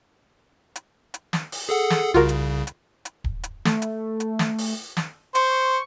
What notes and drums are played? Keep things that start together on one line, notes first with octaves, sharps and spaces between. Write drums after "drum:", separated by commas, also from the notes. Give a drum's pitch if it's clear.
drum: hi-hat
drum: hi-hat
drum: snare
drum: open hi-hat
G#4 A4 F#5
drum: snare
C2 C#3 F4 F#4 A#4
drum: hi-hat
drum: hi-hat
drum: hi-hat
drum: kick D1
drum: hi-hat
A3, drum: snare
drum: hi-hat
drum: hi-hat
drum: snare
drum: open hi-hat
drum: snare
C5 C#6, drum: hi-hat